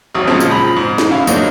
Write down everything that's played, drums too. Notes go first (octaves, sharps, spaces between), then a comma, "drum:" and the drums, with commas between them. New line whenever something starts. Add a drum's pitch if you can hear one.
G#1 F#3 D#6
A#2 C#3 F3 G#3 C4
drum: tambourine
A#5 B5
G#2
drum: snare
C#3 E4 F5
F#3 A#3 C4 D4 D#4 F#4, drum: tambourine